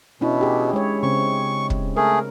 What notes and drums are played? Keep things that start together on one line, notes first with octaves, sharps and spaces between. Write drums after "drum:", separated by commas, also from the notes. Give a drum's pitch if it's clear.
B2 C#4 D4 E4
G4 G#4
G#3 C#5
C#3 C4 C#6
drum: kick
A3 G#4 A#4